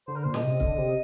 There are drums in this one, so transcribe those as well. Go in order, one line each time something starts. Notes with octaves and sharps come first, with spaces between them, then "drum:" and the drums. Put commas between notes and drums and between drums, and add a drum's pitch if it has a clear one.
D3 C5
A#4
A#2 C5
D#5, drum: snare
C3
D3, drum: kick C#1
C3